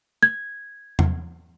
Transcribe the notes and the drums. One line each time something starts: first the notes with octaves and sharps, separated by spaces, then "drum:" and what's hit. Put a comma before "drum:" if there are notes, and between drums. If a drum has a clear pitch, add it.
G#6
drum: tom E2